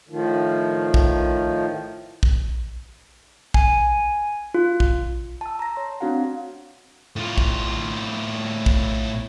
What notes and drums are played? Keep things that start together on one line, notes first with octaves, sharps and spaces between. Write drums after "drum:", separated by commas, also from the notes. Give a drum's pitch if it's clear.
A2 D#3 F3
drum: kick
drum: kick
G#5, drum: kick
F4
drum: kick
A5 E6
A#5 A#6
C#5 C6
A3 C4 D4 F#4 F5 F#5
A2 F4
drum: kick
drum: kick